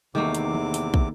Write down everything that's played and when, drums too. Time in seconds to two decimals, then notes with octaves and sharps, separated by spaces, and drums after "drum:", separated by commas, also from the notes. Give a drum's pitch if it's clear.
0.15 E2 C3 D#3 A3 A#3 D6
0.35 drum: hi-hat
0.54 drum: tom D#3
0.74 drum: hi-hat
0.94 drum: kick